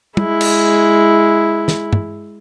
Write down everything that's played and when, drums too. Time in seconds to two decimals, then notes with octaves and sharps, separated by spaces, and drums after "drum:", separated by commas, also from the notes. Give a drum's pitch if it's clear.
0.17 G#3 E4, drum: tom
0.41 drum: cymbal
1.68 drum: snare
1.93 drum: tom